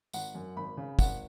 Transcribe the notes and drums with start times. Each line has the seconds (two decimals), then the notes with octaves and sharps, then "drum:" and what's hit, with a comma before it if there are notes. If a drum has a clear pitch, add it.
0.13 G#1 F#5, drum: tambourine
0.35 F#2
0.56 G#1 B5
0.77 C#3
0.99 G#1 F#5, drum: kick, tambourine